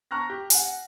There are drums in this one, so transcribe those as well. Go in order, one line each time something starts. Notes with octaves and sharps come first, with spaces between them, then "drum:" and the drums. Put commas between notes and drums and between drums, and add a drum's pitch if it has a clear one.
A5 A#5 C#6 F6 F#6 A#6
G4
F#5 G#5, drum: hi-hat